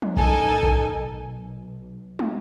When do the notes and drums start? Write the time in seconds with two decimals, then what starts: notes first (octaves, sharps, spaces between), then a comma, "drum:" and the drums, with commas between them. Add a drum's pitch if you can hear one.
0.02 drum: tom
0.17 A1 D#4 A4 A#4 G#5, drum: kick A#1
0.63 drum: kick A#1
0.91 B1
2.19 drum: tom